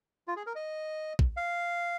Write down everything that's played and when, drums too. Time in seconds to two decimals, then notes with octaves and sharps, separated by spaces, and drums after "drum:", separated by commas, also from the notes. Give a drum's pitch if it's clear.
0.28 F4
0.36 G#4
0.46 A#4
0.56 D#5
1.19 drum: kick
1.37 F5